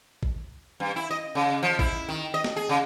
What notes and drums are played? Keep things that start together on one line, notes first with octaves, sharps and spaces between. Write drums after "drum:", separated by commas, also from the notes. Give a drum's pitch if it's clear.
drum: kick A1
G2
E4
D#5
C#3
F3
E4, drum: kick A1
D#3
D#5
drum: snare
G#4
C#3